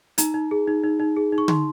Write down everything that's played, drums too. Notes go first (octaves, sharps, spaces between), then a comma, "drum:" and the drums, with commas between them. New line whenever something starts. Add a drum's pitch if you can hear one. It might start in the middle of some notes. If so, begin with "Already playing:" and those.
D#4 A#5, drum: hi-hat
D#4
G#4
D#4
D#4
D#4
G#4
D#4
C#6
D#4 C6, drum: tom D3